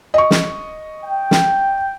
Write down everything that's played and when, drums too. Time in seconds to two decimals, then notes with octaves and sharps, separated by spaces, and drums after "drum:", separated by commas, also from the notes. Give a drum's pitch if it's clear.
0.14 D#5 C#6
0.31 drum: snare
1.04 G5
1.31 drum: snare